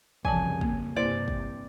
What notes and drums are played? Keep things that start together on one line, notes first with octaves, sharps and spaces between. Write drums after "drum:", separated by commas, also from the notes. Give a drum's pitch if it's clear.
F1 C2 C#3 E3 F3 G#5 A5, drum: kick
A#3, drum: kick
G2 C3 A#3 E4 C5 D5
drum: kick